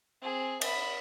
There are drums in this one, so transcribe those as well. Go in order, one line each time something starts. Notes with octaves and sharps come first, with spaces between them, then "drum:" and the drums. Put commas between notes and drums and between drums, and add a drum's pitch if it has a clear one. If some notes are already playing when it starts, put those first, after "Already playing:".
C4 G#4
E5 B5, drum: cymbal